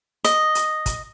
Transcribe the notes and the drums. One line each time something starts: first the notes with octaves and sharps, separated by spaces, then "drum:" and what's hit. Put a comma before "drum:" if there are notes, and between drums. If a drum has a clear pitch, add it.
D#5, drum: hi-hat
drum: hi-hat
drum: kick, hi-hat